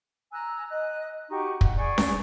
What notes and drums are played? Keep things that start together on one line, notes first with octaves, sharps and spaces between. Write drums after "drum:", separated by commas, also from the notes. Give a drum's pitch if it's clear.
G#5 A#5 E6 F#6
D#5 F#6
D#4 F#4 G4 C#6
F#5, drum: kick
G#4 D5 C#6
drum: snare C#4